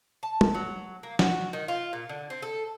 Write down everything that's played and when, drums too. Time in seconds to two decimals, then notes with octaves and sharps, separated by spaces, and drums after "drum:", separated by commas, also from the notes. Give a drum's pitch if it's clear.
0.23 A5
0.41 drum: tom
0.55 F#3
1.03 A#3
1.19 F#4, drum: snare
1.53 D#3
1.68 F4
1.93 A#2
2.09 D3
2.30 C4
2.42 A4